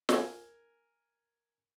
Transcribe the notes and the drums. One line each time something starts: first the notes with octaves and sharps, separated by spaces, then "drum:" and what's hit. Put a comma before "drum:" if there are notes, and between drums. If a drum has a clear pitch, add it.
A#4 G#5, drum: snare